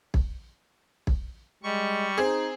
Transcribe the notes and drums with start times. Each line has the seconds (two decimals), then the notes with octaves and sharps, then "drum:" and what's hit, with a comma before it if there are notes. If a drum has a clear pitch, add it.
0.14 drum: kick
1.07 drum: kick
1.63 G3 G#3 C#6
2.18 C4 D#4 G#4